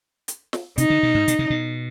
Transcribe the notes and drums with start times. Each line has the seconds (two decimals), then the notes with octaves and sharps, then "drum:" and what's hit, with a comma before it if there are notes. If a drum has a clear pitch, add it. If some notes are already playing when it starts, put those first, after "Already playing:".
0.28 drum: hi-hat
0.53 drum: snare
0.78 C3 D#4, drum: hi-hat
0.90 D3
1.03 B2
1.15 G#2
1.28 B2, drum: hi-hat
1.39 C3
1.50 B2